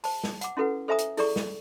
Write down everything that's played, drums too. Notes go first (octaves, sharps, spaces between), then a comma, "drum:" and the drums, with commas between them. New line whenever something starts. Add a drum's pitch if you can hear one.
C5 A5, drum: open hi-hat
drum: snare
F#5 D6, drum: hi-hat
C#4 E4 F#4 A4 B4 F#5
A4 C5 E5 G#5 A#5 D#6
drum: hi-hat
E4 G#4 A4 D5 A#5 C#6, drum: open hi-hat
drum: snare